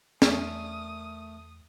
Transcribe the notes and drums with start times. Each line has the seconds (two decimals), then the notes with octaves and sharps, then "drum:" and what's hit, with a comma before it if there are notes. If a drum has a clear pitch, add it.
0.22 E2 A3 D4 A#4 D5 G#5 D#6, drum: snare